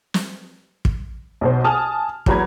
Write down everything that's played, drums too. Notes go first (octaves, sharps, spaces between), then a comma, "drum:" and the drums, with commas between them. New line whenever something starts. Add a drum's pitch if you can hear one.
drum: snare
drum: kick
B1 B2 C5
G#5 A5 D#6 F6
E2 F#3 B3 A#5 B5 G#6, drum: kick